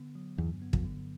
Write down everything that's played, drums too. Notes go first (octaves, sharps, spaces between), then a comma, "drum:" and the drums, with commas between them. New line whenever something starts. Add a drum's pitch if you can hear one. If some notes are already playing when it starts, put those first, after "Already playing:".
Already playing: D3 B3
F#3
E2 G2
B3
F2, drum: kick
D3